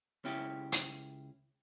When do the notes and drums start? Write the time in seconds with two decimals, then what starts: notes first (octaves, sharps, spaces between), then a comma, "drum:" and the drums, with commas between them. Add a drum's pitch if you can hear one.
0.25 C#2 C#4 E4 G4
0.72 drum: hi-hat